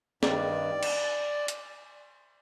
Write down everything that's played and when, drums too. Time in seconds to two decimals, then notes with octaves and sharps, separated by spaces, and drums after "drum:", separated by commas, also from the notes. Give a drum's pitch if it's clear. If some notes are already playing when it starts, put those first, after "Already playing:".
0.23 G2 D#3 G3 D5, drum: snare
0.83 drum: cymbal
1.48 drum: hi-hat